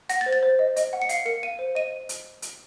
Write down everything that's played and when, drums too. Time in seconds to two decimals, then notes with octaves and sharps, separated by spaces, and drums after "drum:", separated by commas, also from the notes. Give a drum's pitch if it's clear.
0.09 F#5 A#6, drum: hi-hat
0.21 A6
0.26 C5
0.33 A6
0.43 C5
0.59 D#5
0.76 D#5, drum: hi-hat
0.93 F#5
1.02 C#7
1.09 F5 C7, drum: hi-hat
1.25 A#4 C#7
1.43 F5 D#7
1.59 C5
1.75 D#5 D#7
2.09 drum: hi-hat
2.42 drum: hi-hat